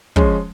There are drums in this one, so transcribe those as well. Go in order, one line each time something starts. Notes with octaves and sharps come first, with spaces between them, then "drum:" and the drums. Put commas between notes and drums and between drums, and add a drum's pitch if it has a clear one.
F3 G#3 C#4, drum: kick